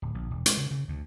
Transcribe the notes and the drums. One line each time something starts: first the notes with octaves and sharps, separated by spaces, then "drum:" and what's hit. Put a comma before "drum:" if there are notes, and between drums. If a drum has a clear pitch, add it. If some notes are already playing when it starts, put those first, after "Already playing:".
D1
A#1
E1
G#3, drum: hi-hat
C#3
C#3
D2